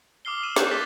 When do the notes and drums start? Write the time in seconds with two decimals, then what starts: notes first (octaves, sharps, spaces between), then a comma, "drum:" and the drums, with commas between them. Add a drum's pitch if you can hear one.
0.25 D6 D#6 F6 C7 G7
0.43 E6 D#7 E7
0.56 F#6 G6 E7, drum: snare
0.71 A6 B6 G7